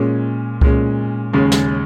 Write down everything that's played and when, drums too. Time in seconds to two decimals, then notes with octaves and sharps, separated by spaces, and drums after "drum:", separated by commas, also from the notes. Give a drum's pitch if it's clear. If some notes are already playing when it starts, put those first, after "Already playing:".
Already playing: A#2 G#3 C#4
0.61 A#2 G#3 C#4, drum: kick C2
1.33 D#2 C#3 G#3 C#4
1.52 drum: snare